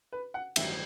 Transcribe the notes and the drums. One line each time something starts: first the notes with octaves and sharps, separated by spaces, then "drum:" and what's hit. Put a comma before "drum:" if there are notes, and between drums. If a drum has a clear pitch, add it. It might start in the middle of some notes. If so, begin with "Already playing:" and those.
B4
F#5
A1 G2 D#3 F#3 E5, drum: cymbal